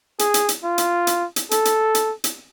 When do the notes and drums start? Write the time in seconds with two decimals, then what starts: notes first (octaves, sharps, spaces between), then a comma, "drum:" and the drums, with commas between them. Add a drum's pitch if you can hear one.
0.19 G#4, drum: hi-hat
0.34 drum: hi-hat
0.49 drum: hi-hat
0.64 F4
0.78 drum: hi-hat
1.07 drum: hi-hat
1.36 drum: hi-hat
1.51 A4, drum: hi-hat
1.65 drum: hi-hat
1.95 drum: hi-hat
2.24 drum: hi-hat